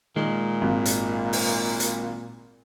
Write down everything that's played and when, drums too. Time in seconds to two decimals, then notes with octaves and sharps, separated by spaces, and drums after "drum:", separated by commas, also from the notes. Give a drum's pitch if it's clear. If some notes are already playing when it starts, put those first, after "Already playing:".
0.16 A#2 D#3 G#3
0.62 G#1
0.85 drum: hi-hat
1.33 drum: open hi-hat
1.80 drum: hi-hat